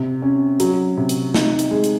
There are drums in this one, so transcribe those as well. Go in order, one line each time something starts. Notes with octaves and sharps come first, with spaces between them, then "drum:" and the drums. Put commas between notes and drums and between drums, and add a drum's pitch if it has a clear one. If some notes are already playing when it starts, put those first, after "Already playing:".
Already playing: C3
C#4
F#3, drum: hi-hat
C3
drum: hi-hat
D#4, drum: snare
drum: hi-hat
G#3
drum: hi-hat